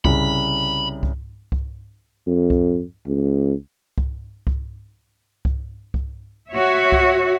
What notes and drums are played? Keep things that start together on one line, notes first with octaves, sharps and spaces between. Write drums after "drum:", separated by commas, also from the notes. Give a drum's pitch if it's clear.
C2 C#3 B5, drum: kick C2
drum: kick C2
drum: kick C2
F2
drum: kick C2
C#2
drum: kick C2
drum: kick C2
drum: kick C2
drum: kick C2
F#4 C#5 E5
drum: kick C2